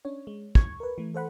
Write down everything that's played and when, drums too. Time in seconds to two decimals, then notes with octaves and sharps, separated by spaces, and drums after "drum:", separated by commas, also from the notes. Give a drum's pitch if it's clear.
0.05 C#4 D4 C#5
0.27 G#3
0.55 C#6 G#6, drum: kick
0.80 A#4 B4
0.98 E3 A3
1.14 A4 C5 F#5 B5